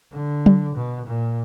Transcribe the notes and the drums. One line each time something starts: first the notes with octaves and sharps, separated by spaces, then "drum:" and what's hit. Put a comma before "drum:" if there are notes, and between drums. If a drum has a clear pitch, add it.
D3
drum: tom F#3
B2
A#2